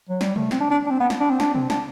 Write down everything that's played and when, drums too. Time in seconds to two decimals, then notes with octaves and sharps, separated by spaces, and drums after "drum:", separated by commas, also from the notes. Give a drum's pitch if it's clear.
0.09 F#3
0.21 G3, drum: snare
0.36 A3, drum: tom
0.51 C4, drum: snare
0.60 D4
0.71 D4
0.86 D4
0.91 C4
1.00 B3
1.10 drum: snare
1.20 D4
1.30 C4
1.40 D4, drum: snare
1.55 C4, drum: tom B2
1.70 D4, drum: snare